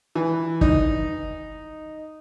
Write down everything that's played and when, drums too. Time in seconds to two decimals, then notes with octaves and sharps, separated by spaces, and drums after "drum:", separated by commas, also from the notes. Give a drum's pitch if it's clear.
0.15 E3
0.61 D#4, drum: kick